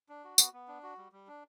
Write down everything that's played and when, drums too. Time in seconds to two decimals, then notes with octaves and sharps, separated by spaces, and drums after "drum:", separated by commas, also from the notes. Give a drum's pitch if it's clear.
0.09 D4
0.24 F#4
0.38 B3, drum: tambourine
0.53 B3
0.68 D4
0.83 F#4
0.98 G3
1.12 G3
1.27 D4